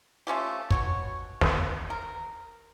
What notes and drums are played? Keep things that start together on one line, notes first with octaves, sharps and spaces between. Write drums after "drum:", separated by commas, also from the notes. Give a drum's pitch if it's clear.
A3 C#4 F4 G4
B2 F#4 C#5, drum: kick
drum: snare
A#4